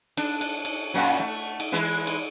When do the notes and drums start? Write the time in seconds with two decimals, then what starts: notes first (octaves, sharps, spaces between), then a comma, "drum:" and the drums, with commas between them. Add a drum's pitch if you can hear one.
0.17 D4, drum: cymbal
0.41 drum: cymbal
0.65 drum: cymbal
0.94 F#2 A#2 F#3
1.20 A3
1.60 drum: cymbal
1.72 E3 G#3 E4
2.07 drum: cymbal